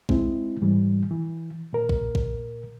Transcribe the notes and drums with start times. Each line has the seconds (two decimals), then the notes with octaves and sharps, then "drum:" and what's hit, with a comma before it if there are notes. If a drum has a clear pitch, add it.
0.09 G#3 C4 E4, drum: kick A#1
0.62 G#2 E3 G3
1.11 E3
1.73 A#2 A#4
1.89 drum: kick A#1
2.15 drum: kick A#1